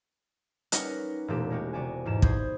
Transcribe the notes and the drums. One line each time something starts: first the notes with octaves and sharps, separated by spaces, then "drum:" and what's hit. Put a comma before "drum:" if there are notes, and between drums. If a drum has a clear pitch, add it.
G3 C#4 D#4 A#4 B4 F#5, drum: hi-hat
E1 A#2 A3 G4 E5
G#3 A#3 F#4 G4
C3 F#4 D5 E5 G#5
E2 G#2 E7
C5 B5 D#6 G6 G#6, drum: kick